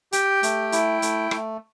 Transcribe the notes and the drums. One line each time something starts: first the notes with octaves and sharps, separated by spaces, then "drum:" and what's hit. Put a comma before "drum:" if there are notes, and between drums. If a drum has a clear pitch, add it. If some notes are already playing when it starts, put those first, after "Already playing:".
G4 G5, drum: hi-hat
A3, drum: hi-hat
E4, drum: hi-hat
A3, drum: hi-hat
A3, drum: rim click